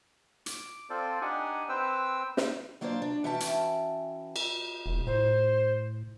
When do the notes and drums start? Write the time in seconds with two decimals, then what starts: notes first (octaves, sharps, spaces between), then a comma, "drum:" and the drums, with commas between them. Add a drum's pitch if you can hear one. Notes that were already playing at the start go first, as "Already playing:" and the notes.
0.46 D6, drum: hi-hat
0.90 C4 F4 A4 C5 D5
1.21 D4 D#4 G4 F#5 G#5
1.69 C4 B4 C5 G5 E6
2.37 drum: snare
2.81 F#3 A#3 D4 F4 C5 D5
3.02 D4
3.24 E3 C#4 F#4 E5 G5 A5
3.40 drum: hi-hat
4.36 drum: cymbal
4.86 E1
5.07 A2 C5